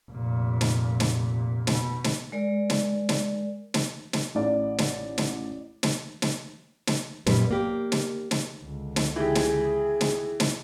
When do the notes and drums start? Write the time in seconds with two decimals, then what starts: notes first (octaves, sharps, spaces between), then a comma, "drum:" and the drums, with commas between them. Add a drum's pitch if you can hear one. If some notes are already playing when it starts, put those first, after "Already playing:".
0.11 F1 A#2
0.61 drum: snare
1.00 drum: snare
1.67 B2, drum: snare
2.04 drum: snare
2.32 G#3 A#4 D5
2.70 drum: snare
3.09 drum: snare
3.74 drum: snare
4.13 drum: snare
4.35 A1 D5
4.78 drum: snare
5.18 drum: snare
5.83 drum: snare
6.22 drum: snare
6.87 drum: snare
7.26 F#2 A#2 G3 B4, drum: snare
7.51 A#3 G4
7.92 drum: snare
8.31 drum: snare
8.60 C#2 D3
8.96 drum: snare
9.16 E3 G4 G#4
9.35 drum: snare
10.01 drum: snare
10.40 drum: snare